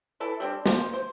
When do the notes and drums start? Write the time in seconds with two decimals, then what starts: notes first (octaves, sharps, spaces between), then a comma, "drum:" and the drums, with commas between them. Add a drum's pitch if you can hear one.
0.20 E3 E4 A4
0.40 G3 C4 D4
0.66 C5, drum: snare
0.93 C5